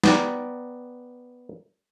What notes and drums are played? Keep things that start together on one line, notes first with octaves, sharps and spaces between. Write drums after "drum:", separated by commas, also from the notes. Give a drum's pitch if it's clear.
B3 D5 G5 A#5, drum: snare